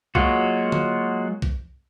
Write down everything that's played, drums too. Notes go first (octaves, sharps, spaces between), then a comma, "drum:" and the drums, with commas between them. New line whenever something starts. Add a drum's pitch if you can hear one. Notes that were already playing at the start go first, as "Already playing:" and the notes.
F#3 G#3 A#3 F4 F#4, drum: kick
drum: tom D3
drum: kick